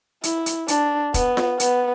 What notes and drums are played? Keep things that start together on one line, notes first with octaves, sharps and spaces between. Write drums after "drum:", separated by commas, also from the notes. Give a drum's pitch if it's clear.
E4, drum: hi-hat
drum: hi-hat
D4, drum: hi-hat
B3, drum: kick E1, hi-hat
drum: snare F4
B3, drum: hi-hat